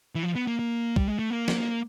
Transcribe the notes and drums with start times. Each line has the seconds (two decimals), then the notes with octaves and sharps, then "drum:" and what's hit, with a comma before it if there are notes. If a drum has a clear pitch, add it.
0.15 E3
0.23 F3
0.35 B3
0.47 A#3
0.59 A#3
0.96 G3, drum: kick
1.08 G#3
1.19 A3
1.30 A#3
1.48 drum: snare